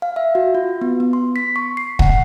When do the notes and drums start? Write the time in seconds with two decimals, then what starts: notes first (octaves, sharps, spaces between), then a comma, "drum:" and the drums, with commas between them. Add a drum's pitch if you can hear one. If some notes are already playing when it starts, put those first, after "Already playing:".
0.02 F5
0.16 E5
0.35 F#4
0.55 F4
0.81 B3
1.00 B3
1.13 C6
1.36 B6
1.56 C#6
1.77 C7
1.99 F#5, drum: kick